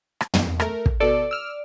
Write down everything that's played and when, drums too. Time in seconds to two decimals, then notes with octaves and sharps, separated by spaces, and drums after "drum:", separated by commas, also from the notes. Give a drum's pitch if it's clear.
0.21 drum: rim click
0.34 drum: tom
0.60 A3 A#4, drum: rim click
0.86 drum: kick
1.00 B2 A4 D5
1.31 E6 F6